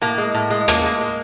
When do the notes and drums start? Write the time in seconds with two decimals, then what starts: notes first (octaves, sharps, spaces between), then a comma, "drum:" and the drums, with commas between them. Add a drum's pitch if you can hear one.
0.01 A2 A#3
0.18 G#3
0.35 A2
0.50 G#3
0.68 A2 A#3, drum: rim click
0.84 G#3
1.01 G#3